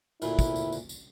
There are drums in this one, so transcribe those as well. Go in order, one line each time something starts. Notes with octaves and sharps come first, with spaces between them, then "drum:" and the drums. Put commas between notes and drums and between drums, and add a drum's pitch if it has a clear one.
D2 A#2 E4, drum: tambourine
drum: kick, tambourine
drum: tambourine
drum: tambourine
drum: tambourine